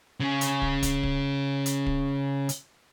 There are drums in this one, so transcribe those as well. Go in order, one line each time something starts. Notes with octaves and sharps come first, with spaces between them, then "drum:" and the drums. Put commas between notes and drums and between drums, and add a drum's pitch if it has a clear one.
C#3 C#4
drum: hi-hat
drum: kick
drum: kick, hi-hat
drum: kick
drum: hi-hat
drum: kick
drum: hi-hat